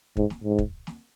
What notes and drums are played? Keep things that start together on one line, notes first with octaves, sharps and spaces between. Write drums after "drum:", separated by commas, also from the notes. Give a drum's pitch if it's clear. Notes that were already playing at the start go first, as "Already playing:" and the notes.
G#2, drum: kick
drum: snare
G#2
drum: kick
drum: snare